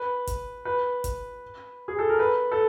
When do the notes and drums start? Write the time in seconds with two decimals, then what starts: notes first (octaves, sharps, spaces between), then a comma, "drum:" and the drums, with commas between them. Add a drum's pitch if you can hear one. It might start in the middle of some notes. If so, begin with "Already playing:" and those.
Already playing: B4
0.27 drum: kick G1, hi-hat
0.65 B4
1.04 drum: kick G1, hi-hat
1.88 G#4
1.99 A4
2.09 A#4
2.19 B4
2.52 A4